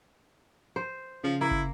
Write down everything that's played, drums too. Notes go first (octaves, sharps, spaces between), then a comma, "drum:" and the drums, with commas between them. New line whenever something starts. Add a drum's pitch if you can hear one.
C5
C#3 F3
A#3 E4
drum: kick